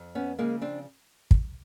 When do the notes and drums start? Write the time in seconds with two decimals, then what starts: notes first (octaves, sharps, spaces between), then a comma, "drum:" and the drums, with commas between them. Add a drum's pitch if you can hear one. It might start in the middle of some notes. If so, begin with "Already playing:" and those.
Already playing: F2
0.15 B3 C#4
0.38 C#3 F3 G#3 A#3
0.61 C4 D4
1.31 drum: kick